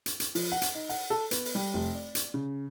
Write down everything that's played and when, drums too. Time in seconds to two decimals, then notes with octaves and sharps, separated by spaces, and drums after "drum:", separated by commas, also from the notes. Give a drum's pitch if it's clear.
0.06 drum: hi-hat
0.20 drum: hi-hat
0.35 F3, drum: open hi-hat
0.52 F#5
0.62 drum: hi-hat
0.75 D#4
0.89 F#5, drum: open hi-hat
1.10 A4
1.31 B3, drum: hi-hat
1.45 drum: open hi-hat
1.55 G3
1.74 F1
1.95 D5
2.15 drum: hi-hat
2.34 C#3